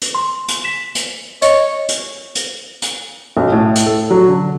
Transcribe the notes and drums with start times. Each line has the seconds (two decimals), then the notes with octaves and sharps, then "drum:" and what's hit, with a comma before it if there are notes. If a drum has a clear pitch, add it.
0.02 drum: hi-hat
0.15 C6
0.48 drum: hi-hat
0.64 B6 E7
0.95 drum: hi-hat
1.42 C#5 D#5, drum: hi-hat
1.89 drum: hi-hat
2.35 drum: hi-hat
2.82 drum: hi-hat
3.37 B1
3.52 A2
3.76 drum: hi-hat
3.86 A4
4.11 F#3
4.28 D3